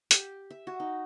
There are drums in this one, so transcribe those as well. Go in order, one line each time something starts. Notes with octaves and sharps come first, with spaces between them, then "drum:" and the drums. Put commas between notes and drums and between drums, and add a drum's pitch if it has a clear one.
G4, drum: hi-hat
E5
F#4
D#4